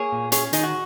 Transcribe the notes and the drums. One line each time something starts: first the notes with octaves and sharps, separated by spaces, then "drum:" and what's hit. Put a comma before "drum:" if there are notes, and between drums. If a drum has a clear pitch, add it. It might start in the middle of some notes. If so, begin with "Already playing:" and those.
Already playing: A#3 G#4 C#5
A#2
C#4 G#4 C#5, drum: hi-hat
D#3 D#4 G#4, drum: hi-hat
F#4